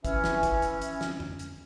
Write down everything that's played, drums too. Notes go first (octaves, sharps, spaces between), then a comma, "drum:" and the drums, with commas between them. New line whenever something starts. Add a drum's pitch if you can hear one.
E3 C#4, drum: kick, hi-hat
drum: snare
drum: kick, hi-hat
drum: hi-hat
drum: hi-hat
drum: snare
drum: tom F2
drum: hi-hat